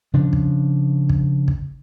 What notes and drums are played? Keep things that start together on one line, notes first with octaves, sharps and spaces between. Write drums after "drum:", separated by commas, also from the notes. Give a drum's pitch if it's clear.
C#3 F3 D4
drum: kick
drum: kick
drum: kick